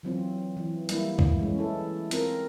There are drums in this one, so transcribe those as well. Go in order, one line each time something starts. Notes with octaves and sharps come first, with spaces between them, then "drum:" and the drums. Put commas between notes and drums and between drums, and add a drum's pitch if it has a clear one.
E3 F#3 C4 F4
E3
G3 A#3 E4, drum: hi-hat
drum: kick
E3 G#3 C#4
E4 A4
C4 F4 A#4, drum: hi-hat